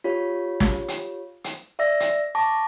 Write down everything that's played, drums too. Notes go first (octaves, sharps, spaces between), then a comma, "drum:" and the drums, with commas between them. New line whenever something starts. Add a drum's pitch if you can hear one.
F4 G4 C#5
drum: snare
drum: hi-hat
drum: hi-hat
D5 E5 E6 A#6
drum: hi-hat
A5 C#6 D6 A#6